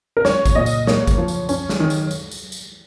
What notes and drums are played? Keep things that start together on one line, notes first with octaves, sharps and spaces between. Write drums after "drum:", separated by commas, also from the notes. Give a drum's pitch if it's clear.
A#4
C#4 C#5, drum: snare
drum: kick G1, tambourine
A#2 D#5
drum: tambourine
A#3 C#5, drum: snare
drum: kick G1, tambourine
F3
drum: tambourine
C#4, drum: tambourine
drum: snare
D#3
drum: tambourine
drum: tambourine
drum: tambourine
drum: tambourine